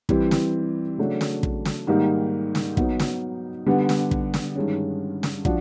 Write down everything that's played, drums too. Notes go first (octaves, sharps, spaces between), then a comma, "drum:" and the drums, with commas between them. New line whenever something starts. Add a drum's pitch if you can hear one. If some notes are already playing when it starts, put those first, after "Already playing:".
E3 G3 C4, drum: kick
drum: snare
C#3 F#3 A3 D4
drum: snare
drum: kick
drum: snare
G#2 D#3 G3 A#3 D#4
drum: snare
B2 F#3 B3 D#4, drum: kick
drum: snare
D3 G3 B3
drum: snare
drum: kick
drum: snare
G2 D#3 G#3 C#4
drum: snare
F3 D4 F#4, drum: kick